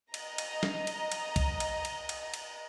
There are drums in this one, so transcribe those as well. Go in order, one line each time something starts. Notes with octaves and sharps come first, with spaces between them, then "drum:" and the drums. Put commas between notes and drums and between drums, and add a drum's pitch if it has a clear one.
D#5 A#5, drum: cymbal
drum: cymbal
drum: snare
drum: cymbal
drum: cymbal
drum: kick, cymbal
drum: cymbal
drum: cymbal
drum: cymbal
drum: cymbal